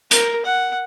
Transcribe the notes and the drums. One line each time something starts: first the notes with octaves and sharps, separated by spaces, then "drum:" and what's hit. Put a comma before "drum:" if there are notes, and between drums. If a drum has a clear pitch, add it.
A#4, drum: hi-hat
F#5